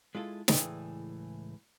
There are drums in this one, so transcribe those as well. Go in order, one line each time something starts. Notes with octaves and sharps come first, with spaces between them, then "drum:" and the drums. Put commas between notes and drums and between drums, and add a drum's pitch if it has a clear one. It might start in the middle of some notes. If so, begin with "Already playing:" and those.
G#3 E4 F4 A4
C#2 A2 E3 G#4 D5 G5, drum: snare